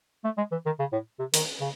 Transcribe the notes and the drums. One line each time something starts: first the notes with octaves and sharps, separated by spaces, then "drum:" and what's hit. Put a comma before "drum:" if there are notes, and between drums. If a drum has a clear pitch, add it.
A3
G#3
E3
D#3
C#3
A2
C3
D#3, drum: hi-hat
C#3